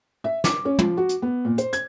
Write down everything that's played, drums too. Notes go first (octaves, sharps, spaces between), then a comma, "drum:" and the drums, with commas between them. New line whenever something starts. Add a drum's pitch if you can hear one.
E5
D6, drum: snare
C#4
F3, drum: tom
F#4
drum: hi-hat
B3
A#2
C5, drum: hi-hat
G#6, drum: hi-hat